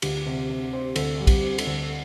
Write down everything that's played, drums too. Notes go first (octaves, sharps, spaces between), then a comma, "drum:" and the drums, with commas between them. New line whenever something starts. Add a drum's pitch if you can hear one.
D2 G4, drum: cymbal
C3
C3
C4
D2 A4, drum: cymbal
G3
G4, drum: kick, cymbal
C4
A4, drum: cymbal
D2